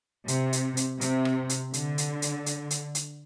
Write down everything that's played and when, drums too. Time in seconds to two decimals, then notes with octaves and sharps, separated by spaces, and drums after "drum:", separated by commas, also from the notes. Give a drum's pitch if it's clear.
0.28 C3, drum: hi-hat
0.53 drum: hi-hat
0.77 drum: hi-hat
1.01 C3, drum: hi-hat
1.25 drum: rim click
1.49 drum: hi-hat
1.73 D3, drum: hi-hat
1.98 drum: hi-hat
2.22 drum: hi-hat
2.46 drum: hi-hat
2.70 drum: hi-hat
2.95 drum: hi-hat